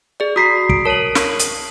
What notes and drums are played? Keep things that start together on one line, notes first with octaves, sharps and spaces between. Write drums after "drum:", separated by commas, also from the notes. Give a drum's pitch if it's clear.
G#4 D5
F#4 A#5 D#6 B6 C7
D7, drum: kick
A#4 C#5 A5 D#7 F#7
drum: snare
drum: hi-hat